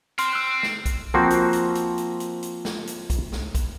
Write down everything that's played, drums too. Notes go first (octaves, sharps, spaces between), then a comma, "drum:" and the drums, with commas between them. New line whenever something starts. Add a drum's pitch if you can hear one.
C4 C6 F6, drum: hi-hat
E6 F#6
drum: snare
drum: kick, hi-hat
F3 A#3 C4 F#4
drum: hi-hat
drum: hi-hat
drum: hi-hat
drum: hi-hat
drum: hi-hat
drum: hi-hat
drum: snare
drum: hi-hat
drum: kick, hi-hat
drum: snare
drum: kick, hi-hat